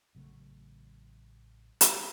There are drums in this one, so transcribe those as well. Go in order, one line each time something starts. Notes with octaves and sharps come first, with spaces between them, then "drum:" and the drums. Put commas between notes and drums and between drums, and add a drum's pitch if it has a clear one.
A1 C#3 F#3 A3
drum: hi-hat